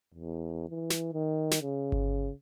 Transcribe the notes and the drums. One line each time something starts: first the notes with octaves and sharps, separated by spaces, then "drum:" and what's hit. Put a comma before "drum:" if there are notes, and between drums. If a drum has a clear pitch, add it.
E2
E3
drum: snare
D#3
drum: snare
C#3
drum: kick G1